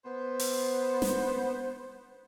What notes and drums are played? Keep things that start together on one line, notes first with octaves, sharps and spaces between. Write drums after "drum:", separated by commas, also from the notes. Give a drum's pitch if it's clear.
B3 C5
drum: open hi-hat
drum: snare